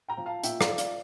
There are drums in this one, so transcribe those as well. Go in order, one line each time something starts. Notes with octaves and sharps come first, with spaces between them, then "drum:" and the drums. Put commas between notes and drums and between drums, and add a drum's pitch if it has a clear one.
G5 A#5
F3
F5 A5
A#2 E5 G5, drum: hi-hat
D5 F5, drum: rim click
F3
D5 F5, drum: hi-hat